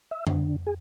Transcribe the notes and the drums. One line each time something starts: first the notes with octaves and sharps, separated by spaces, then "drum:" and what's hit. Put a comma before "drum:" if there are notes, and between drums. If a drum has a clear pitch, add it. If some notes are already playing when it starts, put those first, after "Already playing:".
E5
D3, drum: tom F2
G#4